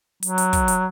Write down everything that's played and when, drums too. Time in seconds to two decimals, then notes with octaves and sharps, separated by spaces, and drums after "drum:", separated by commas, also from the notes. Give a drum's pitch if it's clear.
0.23 F#3, drum: hi-hat
0.38 drum: hi-hat
0.53 drum: kick, hi-hat
0.68 drum: hi-hat